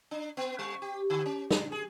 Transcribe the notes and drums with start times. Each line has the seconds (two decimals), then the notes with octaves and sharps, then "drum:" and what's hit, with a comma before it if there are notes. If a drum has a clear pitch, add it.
0.11 D4
0.37 B3
0.59 G3
0.82 G4
1.10 D3
1.26 C#4
1.51 D4, drum: snare
1.72 G#4